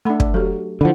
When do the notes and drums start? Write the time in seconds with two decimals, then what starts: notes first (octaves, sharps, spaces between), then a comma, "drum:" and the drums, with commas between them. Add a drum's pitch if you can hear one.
0.05 A3 D4 F#5 B5
0.20 D5, drum: kick
0.34 F#3 G4 A4
0.81 D3 F3 E4 F#5 B5